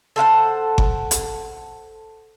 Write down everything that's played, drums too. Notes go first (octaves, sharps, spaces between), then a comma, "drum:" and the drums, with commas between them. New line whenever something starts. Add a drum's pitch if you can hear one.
A4 C5 F5 F#5
drum: kick G1
drum: hi-hat